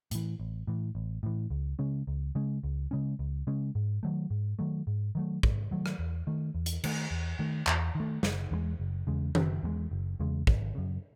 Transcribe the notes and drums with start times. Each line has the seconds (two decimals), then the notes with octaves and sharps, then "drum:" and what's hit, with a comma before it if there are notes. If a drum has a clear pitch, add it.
0.11 A2 E3, drum: hi-hat
0.40 A1
0.67 A2 E3
0.95 A1
1.23 A2 E3
1.50 C#2
1.79 C#3 G#3 C#4
2.07 C#2
2.35 C#3 G#3 C#4
2.63 C#2
2.91 C#3 G#3 C#4
3.19 C#2
3.47 C#3 G#3 C#4
3.75 G#2
4.03 D#3 F#3 A3
4.30 G#2
4.59 D#3 F#3 A3
4.87 G#2
5.15 D#3 F#3 A3
5.43 G#2, drum: kick
5.71 D#3 F#3 A3
5.86 drum: rim click
5.99 E2
6.27 D#3 A3
6.54 E2
6.66 drum: hi-hat
6.84 D#3 A3, drum: cymbal
7.11 E2
7.39 D#3 A3
7.67 E2, drum: clap
7.95 D#3
8.00 A3
8.23 F#1, drum: snare
8.51 E2 C#3 G#3
8.80 F#1
9.07 E2 C#3 G#3
9.35 F#1, drum: tom D#3
9.63 E2 C#3 G#3
9.91 F#1
10.20 E2 C#3 G#3
10.47 G#1, drum: kick
10.75 F#2 C#3